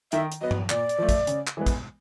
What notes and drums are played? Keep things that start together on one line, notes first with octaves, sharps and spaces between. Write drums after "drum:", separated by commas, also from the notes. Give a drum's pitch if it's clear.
D#3 E5, drum: hi-hat
drum: hi-hat
F#3 B3 D#5
drum: tom G2
A#2 D5, drum: clap
drum: hi-hat
F3 A3
drum: kick, hi-hat
C#3, drum: hi-hat
drum: clap
E3 G#3 B3
drum: kick, hi-hat